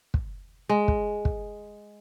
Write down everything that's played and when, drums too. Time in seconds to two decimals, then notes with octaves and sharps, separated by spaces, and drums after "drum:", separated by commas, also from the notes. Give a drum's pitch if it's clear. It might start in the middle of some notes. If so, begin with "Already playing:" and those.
0.14 drum: kick
0.69 G#3
0.88 drum: kick
1.25 drum: kick